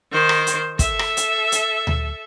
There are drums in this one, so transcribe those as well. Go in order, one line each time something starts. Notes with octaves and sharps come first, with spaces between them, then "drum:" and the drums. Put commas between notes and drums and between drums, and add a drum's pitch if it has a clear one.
D#3 C5
drum: rim click
drum: hi-hat
A4 E5, drum: kick, hi-hat
drum: rim click
drum: hi-hat
drum: hi-hat
drum: tom D2